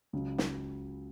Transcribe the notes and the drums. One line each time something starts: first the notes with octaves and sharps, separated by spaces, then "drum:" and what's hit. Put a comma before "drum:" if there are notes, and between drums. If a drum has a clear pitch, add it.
C#2 C#3 F#3
drum: snare